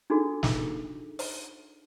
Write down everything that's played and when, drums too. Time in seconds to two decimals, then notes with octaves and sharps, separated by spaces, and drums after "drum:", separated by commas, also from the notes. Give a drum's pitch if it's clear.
0.10 D4 D#4 F4 F#4 G#4 A4
0.43 drum: snare
1.19 drum: open hi-hat